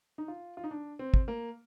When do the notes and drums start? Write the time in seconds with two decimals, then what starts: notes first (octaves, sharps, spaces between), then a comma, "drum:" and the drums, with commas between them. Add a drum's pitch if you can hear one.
0.18 D#4
0.28 F4
0.57 F4
0.64 D#4
0.71 D4
0.99 C4
1.14 drum: kick
1.28 A#3